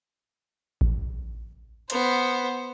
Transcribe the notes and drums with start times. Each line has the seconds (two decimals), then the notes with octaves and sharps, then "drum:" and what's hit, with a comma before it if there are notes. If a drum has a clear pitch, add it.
0.81 drum: kick A1
1.90 B3 C5, drum: hi-hat